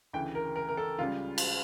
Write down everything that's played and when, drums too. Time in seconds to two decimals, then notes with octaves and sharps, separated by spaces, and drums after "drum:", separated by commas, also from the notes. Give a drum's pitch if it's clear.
0.13 D2 C#3 E3 G5
0.35 A#4
0.56 A#4
0.69 A#4
0.77 A4
0.99 C#2 C#3 G3 F4
1.38 drum: cymbal